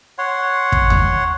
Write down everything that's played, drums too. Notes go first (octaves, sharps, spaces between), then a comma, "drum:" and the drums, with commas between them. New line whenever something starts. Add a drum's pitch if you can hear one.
C#5 F#5 C6
drum: kick
drum: tom D#2